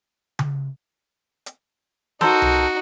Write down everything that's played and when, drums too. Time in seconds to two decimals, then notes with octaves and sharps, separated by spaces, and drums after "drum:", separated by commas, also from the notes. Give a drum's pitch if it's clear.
0.39 drum: tom C#3
1.46 drum: hi-hat
2.21 D#4 F#4 A4 A#4 C5, drum: snare
2.42 drum: tom C2